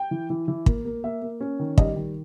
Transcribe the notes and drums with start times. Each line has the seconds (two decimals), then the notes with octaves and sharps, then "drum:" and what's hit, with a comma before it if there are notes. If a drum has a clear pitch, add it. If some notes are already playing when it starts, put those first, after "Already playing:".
Already playing: G5
0.11 E3
0.30 E3
0.48 E3
0.66 A#3, drum: kick
0.85 A#3
1.04 A#3 E5
1.22 A#3
1.41 C#4
1.59 D#3
1.78 G3 D#5, drum: kick
1.96 D#3